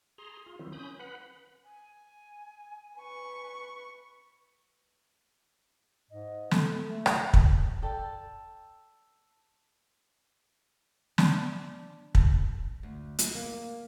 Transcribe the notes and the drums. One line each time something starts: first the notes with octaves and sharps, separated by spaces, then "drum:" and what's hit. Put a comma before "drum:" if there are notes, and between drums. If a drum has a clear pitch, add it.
G#4 A#5 C6
F4
D#3 F#3 C4 E4
C#4 B5 D#6 G6
B4 F#5 B5
G#5
B4 C#6
G#2 D#5
G#3 A4, drum: snare
A3
drum: rim click
drum: kick
A4 D5 G5
D4, drum: snare
drum: kick
D2
drum: hi-hat
A#3